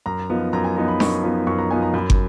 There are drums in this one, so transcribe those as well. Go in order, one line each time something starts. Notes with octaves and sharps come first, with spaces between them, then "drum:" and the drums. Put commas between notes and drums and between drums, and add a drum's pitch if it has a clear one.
F#2 A#5
F3 B3 D#4
F#2 A#5
G#5
F3 B3 D#4 A#5
B5
F#2 C#6, drum: snare D4
F3 B3 D#4
F#2 C#6
A#5
F3 B3 D#4 G#5
A#5
F#2 B5
drum: kick